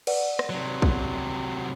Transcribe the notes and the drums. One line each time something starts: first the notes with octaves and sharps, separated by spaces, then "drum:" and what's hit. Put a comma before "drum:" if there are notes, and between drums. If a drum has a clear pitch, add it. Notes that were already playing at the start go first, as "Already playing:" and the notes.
B4 D5 F#5, drum: cymbal
drum: rim click
C3 F#3
drum: kick